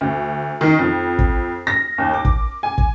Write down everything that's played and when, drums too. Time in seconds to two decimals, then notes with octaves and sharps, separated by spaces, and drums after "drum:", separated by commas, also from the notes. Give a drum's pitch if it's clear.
0.01 D2
0.61 D#3
0.79 F2
1.19 drum: kick
1.67 A#6
1.98 D#2
2.13 D6
2.25 drum: kick
2.63 G#5
2.78 drum: kick